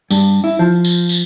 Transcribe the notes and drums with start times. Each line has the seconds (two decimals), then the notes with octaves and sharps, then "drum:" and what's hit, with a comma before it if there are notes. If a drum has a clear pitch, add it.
0.10 G2, drum: tambourine
0.44 E4
0.59 F3
0.85 drum: tambourine
1.09 drum: tambourine